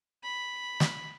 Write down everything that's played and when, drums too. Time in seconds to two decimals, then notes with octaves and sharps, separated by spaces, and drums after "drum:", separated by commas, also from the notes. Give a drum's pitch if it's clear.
0.23 B5
0.80 drum: snare